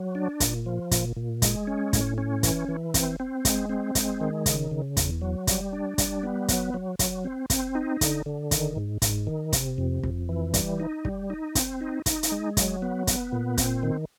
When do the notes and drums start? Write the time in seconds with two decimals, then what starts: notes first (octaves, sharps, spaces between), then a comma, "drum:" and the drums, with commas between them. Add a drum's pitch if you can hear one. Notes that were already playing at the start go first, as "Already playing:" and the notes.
Already playing: F#3
0.15 D4
0.40 A#2, drum: kick, hi-hat
0.66 F3
0.91 A#2, drum: kick, hi-hat
1.16 A#2
1.42 G#3, drum: kick, hi-hat
1.67 C#4
1.93 A2, drum: kick, hi-hat
2.18 C#4
2.43 E3, drum: kick, hi-hat
2.69 E3
2.94 C4, drum: kick, hi-hat
3.20 C4
3.45 G#3, drum: kick, hi-hat
3.69 C4
3.95 G#3, drum: kick, hi-hat
4.21 D#3
4.46 C#3, drum: kick, hi-hat
4.71 C#3
4.97 E2, drum: kick, hi-hat
5.21 F#3
5.47 G3, drum: kick, hi-hat
5.73 D4
5.98 G3, drum: kick, hi-hat
6.23 B3
6.48 F#3, drum: kick, hi-hat
6.74 F#3
6.99 F#3, drum: kick, hi-hat
7.25 C4
7.50 C4, drum: kick, hi-hat
7.75 D#4
8.01 D3, drum: kick, hi-hat
8.26 D3
8.51 D#3, drum: kick, hi-hat
8.76 G#2
9.02 G#2, drum: kick, hi-hat
9.27 D#3
9.53 C3, drum: kick, hi-hat
9.78 F2
10.03 F2, drum: kick
10.29 E3
10.54 G3, drum: kick, hi-hat
10.80 D#4
11.05 G3, drum: kick
11.30 D#4
11.55 C4, drum: kick, hi-hat
11.81 D#4
12.06 D#4, drum: kick, hi-hat
12.23 drum: hi-hat
12.32 G#3
12.57 F#3, drum: kick, hi-hat
12.82 B3
13.07 B3, drum: kick, hi-hat
13.32 A#2
13.58 C4, drum: kick, hi-hat
13.83 D#3